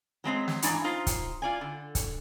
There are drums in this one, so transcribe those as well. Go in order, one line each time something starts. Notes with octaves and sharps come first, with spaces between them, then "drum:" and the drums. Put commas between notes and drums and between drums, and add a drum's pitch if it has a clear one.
F#3 G#3 C4 D#5
drum: snare
G#2 E3 G#3 D4 G#5 A#5, drum: hi-hat
D#4 F4 C5
drum: kick, hi-hat
F4 D5 G#5
D3
drum: kick, hi-hat